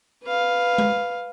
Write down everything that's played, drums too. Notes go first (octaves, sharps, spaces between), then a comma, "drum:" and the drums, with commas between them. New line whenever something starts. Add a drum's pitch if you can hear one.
B4 F5
drum: tom G#3